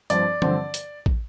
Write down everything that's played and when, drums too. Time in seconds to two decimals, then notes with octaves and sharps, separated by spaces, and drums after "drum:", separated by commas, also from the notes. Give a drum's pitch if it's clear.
0.10 G2 F3 C4 D5, drum: hi-hat
0.42 G2 D3 F3 C4, drum: tom
0.74 drum: hi-hat
1.06 drum: kick